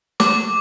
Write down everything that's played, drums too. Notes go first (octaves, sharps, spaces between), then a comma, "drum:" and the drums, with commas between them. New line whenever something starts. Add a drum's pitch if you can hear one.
D6, drum: snare